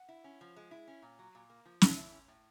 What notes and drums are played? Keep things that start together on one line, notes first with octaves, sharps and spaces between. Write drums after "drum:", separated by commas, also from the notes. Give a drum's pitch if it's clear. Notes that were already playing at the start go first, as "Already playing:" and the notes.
Already playing: F#5
E4
C#4
F3
G#3
E4
C#4
A#2
F#3
A#2
A#3
F3
A3, drum: snare
E4
C#4
A2